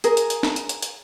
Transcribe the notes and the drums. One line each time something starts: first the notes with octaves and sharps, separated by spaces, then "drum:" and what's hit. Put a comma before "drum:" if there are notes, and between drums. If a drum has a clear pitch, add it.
G#4 A#4, drum: hi-hat
drum: hi-hat
drum: hi-hat
drum: snare
drum: hi-hat
drum: hi-hat
drum: hi-hat